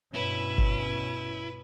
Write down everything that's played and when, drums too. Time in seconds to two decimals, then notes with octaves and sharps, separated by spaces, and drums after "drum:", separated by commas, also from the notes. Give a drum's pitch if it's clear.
0.14 G2 B2 C#4 E4 B4
0.58 drum: kick G#1